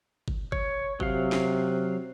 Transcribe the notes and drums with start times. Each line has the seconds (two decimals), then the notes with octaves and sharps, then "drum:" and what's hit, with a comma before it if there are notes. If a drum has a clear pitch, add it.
0.28 drum: kick G1
0.52 C#5, drum: kick G1
1.00 C3 F#3 F5, drum: kick G1
1.32 drum: snare